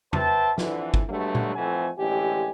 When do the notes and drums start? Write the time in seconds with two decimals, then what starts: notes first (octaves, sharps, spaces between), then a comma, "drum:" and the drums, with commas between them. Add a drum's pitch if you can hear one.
0.13 B4 C5 E5 G5 A5, drum: tom E2
0.58 F2 D3 E3, drum: snare
0.94 drum: kick
1.08 G2 B2 D3 F#3 G#3 A3
1.35 drum: tom A#2
1.56 F2 E3 A3 C4 F#5 G#5
1.97 A1 F2 D3 G#3 G4 G#5